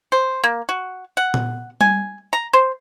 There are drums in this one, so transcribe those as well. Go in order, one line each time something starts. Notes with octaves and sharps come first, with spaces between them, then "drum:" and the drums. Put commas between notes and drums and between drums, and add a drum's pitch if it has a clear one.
C5
A#3
F#4
F#5
drum: tom A#2
G#5, drum: tom G3
A#5
C5